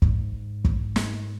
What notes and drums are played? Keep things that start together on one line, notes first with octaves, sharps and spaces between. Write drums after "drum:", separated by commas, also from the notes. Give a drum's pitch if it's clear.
G#2, drum: kick
drum: kick
drum: snare